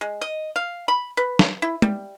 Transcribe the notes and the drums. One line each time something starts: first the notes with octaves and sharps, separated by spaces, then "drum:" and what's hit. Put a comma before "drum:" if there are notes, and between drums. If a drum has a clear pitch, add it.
G#3
D#5
F5
B5
B4
drum: snare
E4
G3, drum: tom